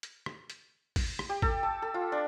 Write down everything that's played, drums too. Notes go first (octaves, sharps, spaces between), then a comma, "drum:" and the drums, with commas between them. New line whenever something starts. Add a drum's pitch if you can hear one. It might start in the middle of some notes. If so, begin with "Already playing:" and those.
drum: hi-hat
drum: rim click
drum: hi-hat
drum: kick G#1, open hi-hat
drum: rim click
G4
A4, drum: kick G#1
A5
A4
F4
D4